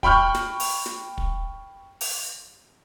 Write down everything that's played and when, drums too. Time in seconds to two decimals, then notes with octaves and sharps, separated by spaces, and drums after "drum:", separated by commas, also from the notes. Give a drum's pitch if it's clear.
0.03 G5 B5 C#6 F6 G6, drum: kick
0.35 drum: snare
0.60 drum: open hi-hat
0.86 drum: snare
1.18 drum: kick
2.01 drum: open hi-hat